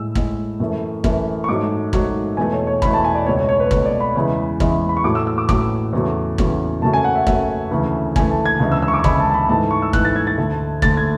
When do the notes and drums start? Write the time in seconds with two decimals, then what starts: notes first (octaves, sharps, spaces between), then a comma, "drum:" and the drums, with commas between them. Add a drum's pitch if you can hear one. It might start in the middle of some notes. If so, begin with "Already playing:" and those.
Already playing: A2 G#3 E6
0.15 A2 G#3, drum: kick
0.60 F#2 E3 A3
1.04 F#2 E3 A3, drum: kick
1.44 C#6
1.49 G#2 F#3 A3 D6
1.93 G#2 F#3 A3, drum: kick
2.37 E2 B2 A3 G#5
2.52 C#5
2.67 C#5
2.82 E2 B2 A3 B5, drum: kick
2.93 A5
3.04 G#5
3.15 D5
3.26 C#2 B2 A3 C#5
3.37 C#5
3.49 C#5
3.60 B4
3.71 C#2 B2 A3 C#5, drum: kick
3.86 D5
4.00 B5
4.16 E2 C#3 E3 G#3
4.60 E2 C#3 E3 G#3, drum: kick
4.89 B5
4.97 C#6
5.04 A2 F#3 A3 D6
5.15 E6
5.27 E6
5.38 D6
5.49 A2 F#3 A3 D6, drum: kick
5.93 E2 C#3 F#3 A3
6.38 E2 C#3 F#3 A3, drum: kick
6.82 F#2 C#3 F#3 A3 A5
6.93 G#5
7.04 F#5
7.15 E5
7.27 F#2 C#3 F#3 A3 E5, drum: kick
7.71 D2 C#3 E3 A3
8.16 D2 C#3 E3 A3 G#5, drum: kick
8.30 A5
8.45 G#6
8.60 D2 C#3 E3 G#3
8.72 E6
8.82 E6
8.88 C#6
8.94 D6
8.99 C#6
9.04 D2 C#3 E3 G#3 B5, drum: kick
9.19 A5
9.30 A5
9.34 B5
9.49 G#2 E3 A3 A5
9.71 C#6
9.82 E6
9.93 G#2 E3 A3 F#6, drum: kick
10.05 A6
10.16 G#6
10.27 A6
10.38 D2 D3 A3
10.82 D2 D3 A3 A6, drum: kick
10.97 G#6